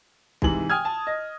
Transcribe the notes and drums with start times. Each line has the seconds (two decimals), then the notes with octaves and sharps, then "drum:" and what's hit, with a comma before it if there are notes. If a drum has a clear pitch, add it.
0.42 G#2 C3 E3 F#7, drum: kick
0.70 G5 G#5 D#6 F6 G#6
0.85 A5
1.07 D#5